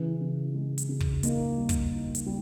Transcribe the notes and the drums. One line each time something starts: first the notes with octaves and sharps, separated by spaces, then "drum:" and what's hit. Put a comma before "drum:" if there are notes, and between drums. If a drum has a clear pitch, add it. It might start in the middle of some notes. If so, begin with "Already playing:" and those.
Already playing: C#3 E3
C#3
G#3
drum: hi-hat
C#3
drum: kick
A#3 D#4, drum: hi-hat
G3
drum: kick, hi-hat
D#4
drum: hi-hat
G3